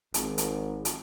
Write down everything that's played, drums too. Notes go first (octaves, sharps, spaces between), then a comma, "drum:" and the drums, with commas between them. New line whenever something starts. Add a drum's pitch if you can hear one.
G#1, drum: hi-hat
drum: hi-hat
drum: hi-hat